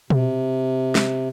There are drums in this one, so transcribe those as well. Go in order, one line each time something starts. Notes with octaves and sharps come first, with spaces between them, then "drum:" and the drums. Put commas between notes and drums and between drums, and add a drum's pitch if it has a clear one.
C3, drum: tom B2
drum: snare